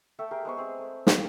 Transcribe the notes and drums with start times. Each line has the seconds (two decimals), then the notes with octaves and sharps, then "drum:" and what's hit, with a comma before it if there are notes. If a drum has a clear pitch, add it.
0.19 A3 A4 E5 G5
0.31 G4 G#4 A#4
0.45 G#3 B3 C5 C#6
0.57 G#3 C4 G#4
0.79 A3
1.07 F5 G5, drum: snare